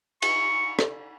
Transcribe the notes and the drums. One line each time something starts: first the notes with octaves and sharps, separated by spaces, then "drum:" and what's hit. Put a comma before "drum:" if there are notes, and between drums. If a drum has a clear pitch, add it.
C#6, drum: cymbal
drum: rim click